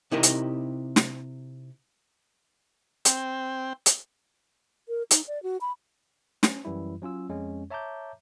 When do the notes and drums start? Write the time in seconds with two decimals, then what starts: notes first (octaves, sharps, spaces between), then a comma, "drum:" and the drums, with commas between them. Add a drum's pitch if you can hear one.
0.11 C3 D#4 E4 G4 A#4 D#5
0.23 drum: hi-hat
0.96 drum: snare
3.05 C4 G5, drum: hi-hat
3.86 drum: hi-hat
4.88 A#4
5.11 D#4, drum: hi-hat
5.27 D5
5.43 F#4
5.61 B5
6.43 C#4, drum: snare
6.65 F#2 E3 G3 E4
7.02 F#3 C#4 F4 E6
7.29 F2 G#3 C#4
7.70 C#5 E5 A5 A#5 D6 G6